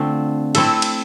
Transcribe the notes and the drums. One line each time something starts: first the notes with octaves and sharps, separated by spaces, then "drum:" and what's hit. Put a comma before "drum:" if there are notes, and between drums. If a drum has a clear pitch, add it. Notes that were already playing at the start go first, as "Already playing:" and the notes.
Already playing: D3 A3 C4 F4
A3 C4 E4 A4, drum: cymbal
drum: cymbal